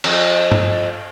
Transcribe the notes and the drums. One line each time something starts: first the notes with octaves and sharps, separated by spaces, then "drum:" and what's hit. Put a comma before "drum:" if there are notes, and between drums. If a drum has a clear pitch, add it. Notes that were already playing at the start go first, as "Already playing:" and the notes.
F2, drum: cymbal
drum: tom G2